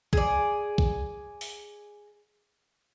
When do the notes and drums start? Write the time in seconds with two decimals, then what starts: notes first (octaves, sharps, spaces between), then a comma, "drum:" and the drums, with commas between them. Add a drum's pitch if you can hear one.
0.13 G#4 D5, drum: kick
0.78 drum: kick
1.41 drum: open hi-hat